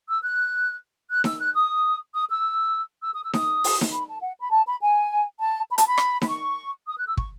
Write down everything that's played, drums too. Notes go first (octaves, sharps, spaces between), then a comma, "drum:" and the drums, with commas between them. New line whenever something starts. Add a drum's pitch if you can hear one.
E6
F#6
F#6
E6, drum: snare D#4
F#6
D#6
D#6
E6
E6
D#6
E6
D#6, drum: snare D#4
drum: open hi-hat
drum: snare D#4
B5
A5
F#5
B5
A5
B5
G#5
A5
B5
A5, drum: hi-hat
B5
drum: rim click
B5, drum: snare D#4
C#6
D#6
F#6
E6
C#6, drum: kick